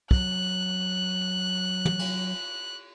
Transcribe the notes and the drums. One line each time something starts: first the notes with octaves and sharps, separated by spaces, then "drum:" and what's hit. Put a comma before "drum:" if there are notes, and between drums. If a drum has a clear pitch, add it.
F#3 F#6, drum: kick
drum: tom
drum: cymbal